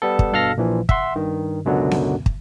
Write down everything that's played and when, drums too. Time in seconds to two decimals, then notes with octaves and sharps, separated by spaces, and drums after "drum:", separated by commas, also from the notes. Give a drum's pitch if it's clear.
0.02 G3 B3 A4
0.19 drum: kick
0.32 G2 B2 A4 F5 F6 A#6
0.57 A#1 A#2 E3 F3
0.89 E5 F#5 C6, drum: kick
1.16 G2 D#3
1.65 C#2 F#2 B2 D3 F#3
1.91 drum: snare B3
2.26 drum: kick